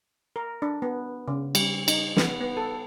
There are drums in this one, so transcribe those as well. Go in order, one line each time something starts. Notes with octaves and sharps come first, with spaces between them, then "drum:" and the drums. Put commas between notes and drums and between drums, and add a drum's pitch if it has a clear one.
A#4
D4
B3
C#3
G3, drum: cymbal
D#4, drum: cymbal
B3, drum: snare
B3
A4